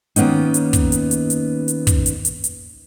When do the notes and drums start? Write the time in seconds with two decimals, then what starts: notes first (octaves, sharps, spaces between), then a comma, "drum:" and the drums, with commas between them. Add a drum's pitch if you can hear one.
0.16 D#3 A#3 B3 C#4 D#4, drum: hi-hat
0.54 drum: hi-hat
0.73 drum: kick, hi-hat
0.92 drum: hi-hat
1.11 drum: hi-hat
1.30 drum: hi-hat
1.68 drum: hi-hat
1.87 drum: kick, hi-hat
2.06 drum: hi-hat
2.25 drum: hi-hat
2.44 drum: hi-hat